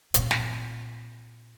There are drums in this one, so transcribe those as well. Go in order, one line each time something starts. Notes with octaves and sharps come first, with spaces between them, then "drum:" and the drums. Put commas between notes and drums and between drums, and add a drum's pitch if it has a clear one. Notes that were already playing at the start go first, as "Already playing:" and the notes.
A#2 C4, drum: hi-hat
drum: snare